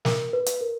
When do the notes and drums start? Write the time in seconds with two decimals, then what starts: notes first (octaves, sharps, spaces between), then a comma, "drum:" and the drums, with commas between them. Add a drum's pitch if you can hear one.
0.05 A#4, drum: snare
0.33 B4
0.46 drum: hi-hat
0.61 A#4